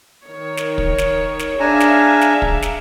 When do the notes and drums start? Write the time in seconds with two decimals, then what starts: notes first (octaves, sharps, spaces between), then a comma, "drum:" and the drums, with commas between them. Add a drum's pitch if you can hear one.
0.23 D#3 C#5
0.57 drum: snare
0.78 drum: kick
0.98 drum: snare
1.39 drum: snare
1.60 D4 G#4 E5 F5 G#5 A#5
1.80 drum: snare
2.21 drum: snare
2.42 drum: kick
2.62 drum: snare